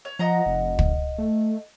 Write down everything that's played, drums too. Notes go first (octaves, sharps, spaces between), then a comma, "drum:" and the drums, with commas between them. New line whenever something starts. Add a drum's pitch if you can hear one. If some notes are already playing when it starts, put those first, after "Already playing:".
C#5
F3 D#5 F#5 A#5
F1
drum: kick
A3